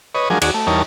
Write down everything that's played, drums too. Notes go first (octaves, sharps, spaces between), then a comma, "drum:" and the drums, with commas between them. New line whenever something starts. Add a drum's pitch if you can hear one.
B4 C#5 D#5
F3 F#3 G#3 D4 G#4 A#4
D#2 F#4 G#4 D5, drum: cymbal
A3
E2 G3 D#4 A#4 C#5 A5